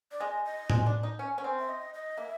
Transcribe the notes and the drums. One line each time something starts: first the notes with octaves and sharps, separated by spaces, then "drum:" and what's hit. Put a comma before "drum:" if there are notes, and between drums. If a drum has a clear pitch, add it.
D5
G#3 D#5
D#5
G#3, drum: tom A2
D4
D#4
C#4
C#4
C4
E5
D#5
D#5
A#3 E5